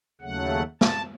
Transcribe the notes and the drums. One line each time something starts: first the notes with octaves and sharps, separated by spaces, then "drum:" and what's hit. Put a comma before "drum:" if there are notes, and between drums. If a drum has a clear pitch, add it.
D#2 C#3 F#3 A3 F#5
A5, drum: snare